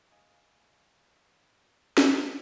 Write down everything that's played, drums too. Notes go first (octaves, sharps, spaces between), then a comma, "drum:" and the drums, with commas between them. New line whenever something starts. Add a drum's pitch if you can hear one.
D#5 F5 G#5
drum: snare